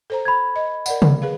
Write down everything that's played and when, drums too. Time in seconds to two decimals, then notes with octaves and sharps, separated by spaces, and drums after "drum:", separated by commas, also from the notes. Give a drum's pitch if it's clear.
0.10 A4 C5 A#5
0.25 B5 G#6
0.56 D#5
0.86 A#4 D5 F#5, drum: tambourine
1.02 drum: tom C3
1.22 G#4 B4 F5